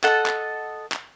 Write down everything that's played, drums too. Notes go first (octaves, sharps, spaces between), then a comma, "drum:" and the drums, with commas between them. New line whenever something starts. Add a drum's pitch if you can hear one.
A4 D#5 F#5, drum: clap
drum: clap
drum: clap